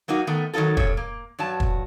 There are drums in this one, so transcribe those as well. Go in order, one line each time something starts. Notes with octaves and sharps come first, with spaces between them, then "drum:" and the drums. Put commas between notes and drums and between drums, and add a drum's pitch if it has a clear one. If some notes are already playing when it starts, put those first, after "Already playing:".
F#3 A#3 D#4 F#4
D#3 A3 B3
D#3 F#3 D#4 F4 A4
C#3 G3 A4 C#5, drum: kick
A#3
G2 F#3 A5
drum: kick